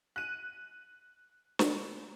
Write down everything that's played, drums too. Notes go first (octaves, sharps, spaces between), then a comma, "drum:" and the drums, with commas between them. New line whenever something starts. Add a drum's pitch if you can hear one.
F#6 D#7
drum: snare